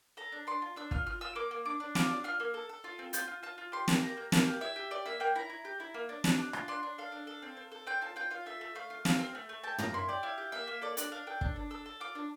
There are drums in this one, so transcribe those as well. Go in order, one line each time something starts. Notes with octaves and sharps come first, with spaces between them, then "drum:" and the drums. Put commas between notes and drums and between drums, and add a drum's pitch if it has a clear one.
A4 A#5
D4
D4 C6
F4
D4 E6
F4 F6, drum: kick
F4 F6
F4 E6
A#3 D6
A#3
D4 D6
D4
F4 D6, drum: snare
D4
F4 F6
A#3
A4
A4
F4
C4
F4 G6, drum: hi-hat
F4
F4 A5
F4
G4 C6
A#3, drum: snare
G4 A#5
A#3
A#3 F5, drum: snare
G4
E4 E5
G4
G4 D5
A#3 E5
A#3 G5
E4 A#5
E4
G4
E4
A#3
D4
D4, drum: snare
D4
F4, drum: rim click
D4 C6
D4
A4 F5
D4
A4
C4
C4
A4
C4 G5
F4 A5
F4 G5
F4 F5
A3 E5
A3
A3 F5
F4
A3 F5, drum: snare
C4
A3
A3
G4 A5
A#3 A#5, drum: tom
E4 C6
G4 D5
E4 F5
G4
A#3 E5
A#3
A4 D5
D4 D5, drum: hi-hat
D4 F5
A4 G5
D4, drum: kick
D4
A4 E6
A4
F4 D6
D4